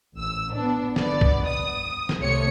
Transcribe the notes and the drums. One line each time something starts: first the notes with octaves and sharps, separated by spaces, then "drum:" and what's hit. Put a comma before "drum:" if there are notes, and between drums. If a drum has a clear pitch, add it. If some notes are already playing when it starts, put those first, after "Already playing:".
A1 E6
B3 D4
G1 B3 D5, drum: snare
drum: kick
D#6
drum: snare
C2 C3 A3 C#5 C#7